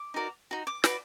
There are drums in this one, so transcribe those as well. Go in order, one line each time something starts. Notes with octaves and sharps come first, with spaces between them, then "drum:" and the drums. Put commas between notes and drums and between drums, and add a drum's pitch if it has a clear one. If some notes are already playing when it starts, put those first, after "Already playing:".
Already playing: D6
D#4 F#4 A#4 D5
D#4 F#4
D6
F#4 B4 D5, drum: snare